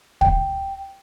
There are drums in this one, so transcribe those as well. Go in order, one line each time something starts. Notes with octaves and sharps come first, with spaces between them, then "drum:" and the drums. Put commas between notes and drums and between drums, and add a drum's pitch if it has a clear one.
G5, drum: kick